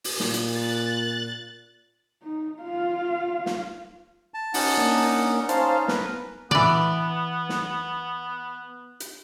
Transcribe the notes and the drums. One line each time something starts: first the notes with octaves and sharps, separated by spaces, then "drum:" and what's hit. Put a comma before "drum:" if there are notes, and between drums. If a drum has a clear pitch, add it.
drum: open hi-hat
A#2, drum: snare
drum: hi-hat
F#6 A6
D#4
F4 F5
drum: snare
A5
C#4 D#4 F#5, drum: open hi-hat
A#3 D4
C#4 D#4 C5 F5 A5, drum: hi-hat
B3 A#4 B4, drum: snare
E3 B3 D5, drum: tom A#2
drum: snare
drum: hi-hat